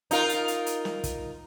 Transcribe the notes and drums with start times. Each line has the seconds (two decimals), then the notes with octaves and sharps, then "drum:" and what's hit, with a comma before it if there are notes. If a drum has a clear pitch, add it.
0.11 D#4 F4 A#4, drum: hi-hat
0.29 drum: hi-hat
0.48 drum: hi-hat
0.66 drum: hi-hat
0.85 drum: snare
1.04 drum: kick, hi-hat